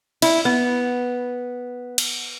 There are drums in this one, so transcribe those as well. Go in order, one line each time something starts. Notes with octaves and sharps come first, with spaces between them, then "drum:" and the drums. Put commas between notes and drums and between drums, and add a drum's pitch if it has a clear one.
E4, drum: cymbal
B3
drum: cymbal